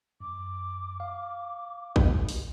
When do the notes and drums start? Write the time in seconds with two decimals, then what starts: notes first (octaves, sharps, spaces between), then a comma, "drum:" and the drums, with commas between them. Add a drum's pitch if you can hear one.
0.20 F#2 D6
1.00 F5
1.96 drum: kick
2.29 drum: open hi-hat